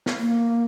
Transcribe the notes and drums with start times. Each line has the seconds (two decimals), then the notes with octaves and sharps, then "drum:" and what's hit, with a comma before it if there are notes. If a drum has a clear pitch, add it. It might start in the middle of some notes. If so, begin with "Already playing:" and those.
0.06 drum: snare
0.18 A#3